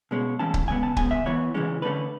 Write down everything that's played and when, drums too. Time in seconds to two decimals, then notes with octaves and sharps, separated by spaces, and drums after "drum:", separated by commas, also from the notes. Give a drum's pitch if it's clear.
0.11 B2 G#3 C#4
0.39 A2 E3 G#3 C#4 A5
0.54 drum: kick C#1
0.68 C#3 G#3 B3 G#5
0.83 A5
0.97 C#3 G#3 B3 G#5, drum: kick C#1
1.11 E5
1.26 E3 B3 C#5
1.54 C#3 E3 G#3 C#4
1.82 D3 A3 C#4 B4